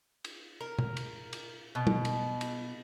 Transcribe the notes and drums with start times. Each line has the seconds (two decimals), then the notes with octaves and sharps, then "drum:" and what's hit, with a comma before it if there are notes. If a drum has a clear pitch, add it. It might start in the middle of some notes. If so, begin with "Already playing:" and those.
0.24 drum: cymbal
0.61 A#4
0.79 drum: tom
0.97 drum: cymbal
1.33 drum: cymbal
1.75 B2
1.87 drum: tom
2.05 drum: cymbal
2.41 drum: cymbal